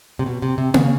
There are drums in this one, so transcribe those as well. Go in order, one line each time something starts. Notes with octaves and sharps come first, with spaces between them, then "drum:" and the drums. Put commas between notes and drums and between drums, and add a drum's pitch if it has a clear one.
C3
B2
C3
C3
C#3, drum: tom A#3